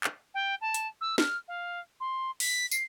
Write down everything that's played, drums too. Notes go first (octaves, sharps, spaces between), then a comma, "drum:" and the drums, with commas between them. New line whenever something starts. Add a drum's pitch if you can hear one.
drum: clap
G5
A5
drum: hi-hat
E6
F6, drum: snare
F5
C6
B6, drum: open hi-hat
C7, drum: tambourine